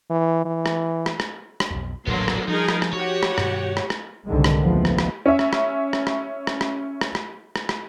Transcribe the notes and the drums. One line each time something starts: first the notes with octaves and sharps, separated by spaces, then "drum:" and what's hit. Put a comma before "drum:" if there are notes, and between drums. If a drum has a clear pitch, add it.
E3
E3
drum: rim click
drum: rim click
drum: rim click
drum: rim click
B1 F2
D#1 A1 A2 D3 F#3 A#3 B3 C6
drum: rim click
F3 G3 D#4 G#4 A#4
drum: rim click
drum: rim click
F3 F#4 G4 C#5 F#5
drum: rim click
G2 B2 D#3, drum: rim click
drum: rim click
drum: rim click
C2 G#2 D3 D#3 G#3
drum: rim click
F#1 D#2 F3 G#3 A3 B3
drum: rim click
drum: rim click
C#4 E5
drum: rim click
drum: rim click
drum: rim click
drum: rim click
drum: rim click
drum: rim click
drum: rim click
drum: rim click
drum: rim click
drum: rim click